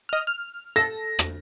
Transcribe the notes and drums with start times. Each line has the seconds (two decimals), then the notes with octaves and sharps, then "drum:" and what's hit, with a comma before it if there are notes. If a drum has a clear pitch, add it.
0.09 D#5 F6
0.27 F6
0.76 A4 A#6
1.19 drum: rim click